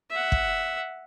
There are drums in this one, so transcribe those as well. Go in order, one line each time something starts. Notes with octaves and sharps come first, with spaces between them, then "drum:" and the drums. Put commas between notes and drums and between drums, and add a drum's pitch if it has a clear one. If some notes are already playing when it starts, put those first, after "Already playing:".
E5 F#5
drum: kick